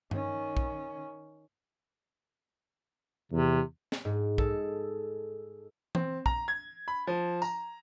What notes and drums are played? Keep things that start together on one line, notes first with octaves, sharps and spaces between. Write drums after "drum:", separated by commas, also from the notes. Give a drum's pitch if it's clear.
D#3 C#4, drum: tom G2
drum: kick
E2 C3
drum: snare
G#2
G#3 A4, drum: kick
C4, drum: tom E3
A#5, drum: kick
G#6
B5
F3
A#5, drum: tambourine